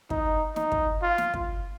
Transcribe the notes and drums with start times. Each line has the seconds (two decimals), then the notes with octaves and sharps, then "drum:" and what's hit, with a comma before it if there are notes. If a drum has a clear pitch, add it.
0.10 D#4, drum: kick
0.56 D#4, drum: snare
0.72 drum: kick
1.02 F4
1.18 drum: snare
1.34 drum: kick